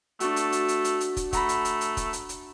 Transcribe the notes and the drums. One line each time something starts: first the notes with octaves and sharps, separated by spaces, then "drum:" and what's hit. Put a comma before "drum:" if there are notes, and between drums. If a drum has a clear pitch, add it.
A3 D4 F#4, drum: hi-hat
drum: hi-hat
drum: hi-hat
drum: hi-hat
drum: hi-hat
drum: hi-hat
drum: kick, hi-hat
A3 F#5 A#5 B5, drum: kick, hi-hat
drum: hi-hat
drum: hi-hat
drum: hi-hat
drum: kick, hi-hat
drum: hi-hat
drum: hi-hat